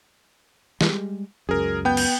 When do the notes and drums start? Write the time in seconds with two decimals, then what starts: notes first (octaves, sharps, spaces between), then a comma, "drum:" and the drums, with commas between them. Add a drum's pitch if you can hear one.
0.81 G3 G#3, drum: snare
1.49 C#2 F#2 G#4 A#4
1.85 B3 G5 G6
1.97 drum: cymbal